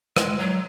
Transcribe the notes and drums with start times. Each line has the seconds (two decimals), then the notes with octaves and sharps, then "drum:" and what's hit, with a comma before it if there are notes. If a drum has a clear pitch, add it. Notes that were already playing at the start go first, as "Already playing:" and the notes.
0.16 G#3, drum: rim click
0.39 F#3